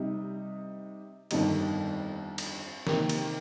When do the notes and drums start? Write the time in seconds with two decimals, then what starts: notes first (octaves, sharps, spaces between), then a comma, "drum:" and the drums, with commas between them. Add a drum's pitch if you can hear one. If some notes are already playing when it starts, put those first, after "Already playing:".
Already playing: C3 G3 D#4
1.31 G1 F2 D#3 G3 D#4, drum: cymbal
2.38 drum: cymbal
2.87 C3 D#3 A#3 G4 A#4, drum: snare
3.09 drum: cymbal